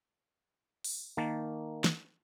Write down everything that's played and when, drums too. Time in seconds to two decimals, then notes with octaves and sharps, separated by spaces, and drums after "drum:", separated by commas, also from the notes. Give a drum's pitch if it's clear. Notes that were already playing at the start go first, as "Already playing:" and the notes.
0.84 drum: open hi-hat
1.17 D#3 A#3 A5
1.84 drum: snare